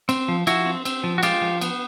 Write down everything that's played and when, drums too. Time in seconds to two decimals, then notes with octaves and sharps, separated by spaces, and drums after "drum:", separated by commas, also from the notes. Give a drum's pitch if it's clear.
0.09 C4, drum: cymbal
0.28 F3
0.47 F3 E4 F#4, drum: cymbal
0.66 C4
0.85 C4, drum: cymbal
1.04 F3
1.18 F#4
1.23 G#3 F4 G4, drum: cymbal
1.42 F3
1.61 B3, drum: cymbal